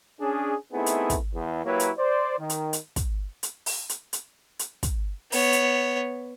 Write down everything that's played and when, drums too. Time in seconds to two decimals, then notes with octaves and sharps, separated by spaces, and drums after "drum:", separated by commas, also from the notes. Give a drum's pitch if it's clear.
0.20 C#4 D4 G#4
0.73 A3 B3 C4 D#4 E4 G#4
0.86 drum: hi-hat
1.10 drum: kick, hi-hat
1.33 E2
1.64 F#3 A#3 E4 G4 B4 C#5
1.80 drum: hi-hat
1.98 C5 D5
2.38 D#3
2.50 drum: hi-hat
2.73 drum: hi-hat
2.96 drum: kick, hi-hat
3.43 drum: hi-hat
3.66 drum: open hi-hat
3.89 drum: hi-hat
4.13 drum: hi-hat
4.59 drum: hi-hat
4.83 drum: kick, hi-hat
5.32 B3 C#5, drum: open hi-hat
5.53 drum: hi-hat